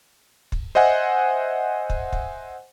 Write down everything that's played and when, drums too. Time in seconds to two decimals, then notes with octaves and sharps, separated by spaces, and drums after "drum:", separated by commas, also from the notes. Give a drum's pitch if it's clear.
0.52 drum: kick
0.75 C5 D#5 E5 F#5 G#5
1.90 drum: kick
2.13 drum: kick